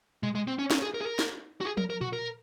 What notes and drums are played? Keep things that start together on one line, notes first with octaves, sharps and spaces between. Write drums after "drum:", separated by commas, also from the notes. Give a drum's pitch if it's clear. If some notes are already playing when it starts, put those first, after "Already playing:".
G#3, drum: tom A#2
G#3
C4
C#4
C#4, drum: snare
G#4
A#4
G#4
A#4
drum: snare
F#4
G#4
A#4, drum: tom F3
A#4
F#4, drum: tom A#2
A#4